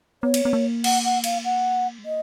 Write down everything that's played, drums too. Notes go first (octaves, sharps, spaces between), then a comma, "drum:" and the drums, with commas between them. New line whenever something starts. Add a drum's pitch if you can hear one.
B3 C#5
drum: cymbal
B3
A#3
F#5, drum: cymbal
F#5
F5, drum: cymbal
F#5
G#3
A#3 D#5